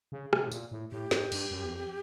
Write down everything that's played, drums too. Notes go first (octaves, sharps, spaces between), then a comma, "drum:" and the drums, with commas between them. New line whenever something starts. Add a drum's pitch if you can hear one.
C#3
C3, drum: rim click
A2
A#2, drum: tambourine
A2
A2 G4
G#2, drum: snare
G2, drum: cymbal
F#2
E2
F2